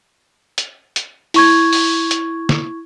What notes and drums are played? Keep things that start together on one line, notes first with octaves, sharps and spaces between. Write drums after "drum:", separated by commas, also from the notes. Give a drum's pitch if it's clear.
drum: hi-hat
drum: hi-hat
E4 C#6 G#6, drum: open hi-hat
drum: open hi-hat
drum: hi-hat
drum: snare